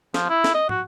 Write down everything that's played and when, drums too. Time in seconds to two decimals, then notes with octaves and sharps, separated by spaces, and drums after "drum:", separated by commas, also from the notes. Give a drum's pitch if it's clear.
0.14 F3, drum: snare
0.29 E4
0.44 drum: snare
0.54 D#5
0.69 F#4, drum: tom